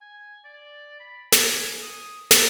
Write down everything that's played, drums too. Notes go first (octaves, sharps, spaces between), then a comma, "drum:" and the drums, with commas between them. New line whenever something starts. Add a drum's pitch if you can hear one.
G#5
D5
B5
G#5, drum: snare
D#6
A#5, drum: snare